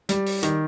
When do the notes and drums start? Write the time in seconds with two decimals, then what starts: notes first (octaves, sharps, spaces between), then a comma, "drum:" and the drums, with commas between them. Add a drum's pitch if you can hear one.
0.09 G3, drum: hi-hat
0.26 drum: open hi-hat
0.43 D#3, drum: hi-hat